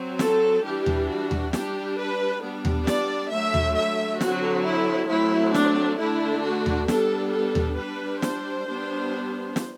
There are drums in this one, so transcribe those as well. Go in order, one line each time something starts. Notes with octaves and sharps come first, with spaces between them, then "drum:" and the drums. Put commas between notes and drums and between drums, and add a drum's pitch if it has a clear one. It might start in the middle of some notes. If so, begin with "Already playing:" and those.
Already playing: F#3 C4
A4, drum: snare
E3 G3 D4 G4
drum: tom D#2
F#4
drum: tom D#2
G3 D4 G4, drum: snare
B4
G3 B3 D4
drum: tom D#2
D5, drum: snare
D3 F#3 A3 E5
drum: tom D#2
E5
D3 F#3 C4 F#4, drum: snare
E4
F#3 A3 C4 E4
D4, drum: snare
D3 A3 D4 E4
F#4
drum: tom D#2
G3 B3 D4 A4, drum: snare
A4
drum: tom D#2
G3 D4 B4
C5, drum: snare
G3 B3 D4
drum: snare